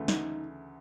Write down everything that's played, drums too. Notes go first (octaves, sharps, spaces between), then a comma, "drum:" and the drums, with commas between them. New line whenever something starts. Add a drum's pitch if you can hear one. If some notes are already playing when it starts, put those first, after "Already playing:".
Already playing: D2 C#3 E3 A3
D#4, drum: snare